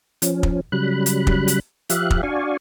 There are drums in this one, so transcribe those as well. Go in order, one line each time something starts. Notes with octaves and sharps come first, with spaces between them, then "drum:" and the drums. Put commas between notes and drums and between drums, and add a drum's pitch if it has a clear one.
F3 C#4, drum: hi-hat
drum: kick
C#3 F#3 G3 B5 F#6
drum: hi-hat
drum: kick
drum: hi-hat
F3 G4 E5 F5 F#6, drum: hi-hat
drum: kick
D4 F#4 D5 F5 G#5 C#6